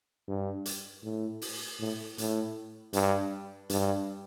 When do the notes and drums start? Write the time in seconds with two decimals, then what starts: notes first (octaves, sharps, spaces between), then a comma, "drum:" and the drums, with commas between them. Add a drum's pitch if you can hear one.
0.28 G2
0.65 drum: hi-hat
1.04 A2
1.42 drum: open hi-hat
1.79 A2
2.18 A2, drum: hi-hat
2.93 G2, drum: hi-hat
3.69 G2, drum: hi-hat